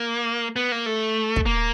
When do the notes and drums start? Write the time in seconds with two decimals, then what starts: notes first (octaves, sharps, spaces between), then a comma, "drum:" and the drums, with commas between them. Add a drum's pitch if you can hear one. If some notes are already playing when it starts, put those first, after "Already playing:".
Already playing: A#3
0.56 B3
0.72 A#3
0.86 A3
1.36 drum: kick
1.46 A#3